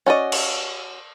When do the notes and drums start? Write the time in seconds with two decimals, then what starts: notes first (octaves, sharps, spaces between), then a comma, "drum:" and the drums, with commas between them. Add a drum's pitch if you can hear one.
0.06 C#4 F#4 D5 D#5
0.32 drum: cymbal